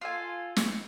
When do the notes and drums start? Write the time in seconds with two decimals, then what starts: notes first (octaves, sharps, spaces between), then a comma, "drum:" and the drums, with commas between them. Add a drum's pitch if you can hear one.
0.01 F4 A4 G#5
0.56 drum: snare